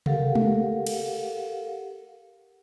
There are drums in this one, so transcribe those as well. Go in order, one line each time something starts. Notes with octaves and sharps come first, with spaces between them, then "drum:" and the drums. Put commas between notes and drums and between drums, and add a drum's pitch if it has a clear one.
G4 A4 A#4 F5 F#5, drum: tom C3
drum: tom G#3
drum: cymbal